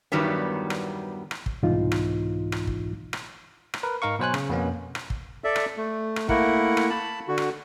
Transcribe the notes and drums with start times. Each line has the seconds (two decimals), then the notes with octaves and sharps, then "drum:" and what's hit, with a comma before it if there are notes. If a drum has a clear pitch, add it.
0.12 E2 G2 D#3 F#3 G3 B3
0.70 drum: rim click
1.31 drum: rim click
1.46 drum: kick
1.63 C2 G#2 B2 E3 D#4 F4
1.92 drum: rim click
2.52 drum: rim click
2.67 drum: kick
3.13 drum: rim click
3.74 drum: rim click
3.83 A#4 B4
4.02 G#2 D#4 A#4 F5 C#6
4.19 B2 F#3 C5 G#5 F#6
4.34 C#3, drum: rim click
4.49 F2 B2 A#3 B3 C#4
4.95 drum: rim click
5.10 drum: kick
5.44 A4 D5 E5
5.56 drum: rim click
5.77 A3
6.16 drum: rim click
6.29 A3 A#3 E4 A#4 F#5, drum: kick
6.77 drum: rim click
6.90 A5 B5
7.28 D3 F#4
7.38 drum: rim click